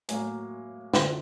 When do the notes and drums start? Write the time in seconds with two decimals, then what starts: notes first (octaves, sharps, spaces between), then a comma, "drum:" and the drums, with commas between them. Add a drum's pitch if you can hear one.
0.09 A2 F#3 A#3 G#5, drum: hi-hat
0.94 F#2 D3 F3, drum: snare